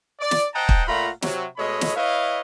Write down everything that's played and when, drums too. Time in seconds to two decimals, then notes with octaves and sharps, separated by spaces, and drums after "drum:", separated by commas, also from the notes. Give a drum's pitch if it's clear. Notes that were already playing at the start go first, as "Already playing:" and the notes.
0.20 D5
0.31 drum: snare
0.54 C5 D#5 F#5 G5 A5 A#5
0.69 drum: kick
0.87 A#2 A3 F4 F#5 A#5 B5
1.22 C3 F#3, drum: snare
1.57 B2 G#3 A3 C#5 D#5 B5
1.81 drum: snare
1.96 E4 B4 C#5 D#5 F5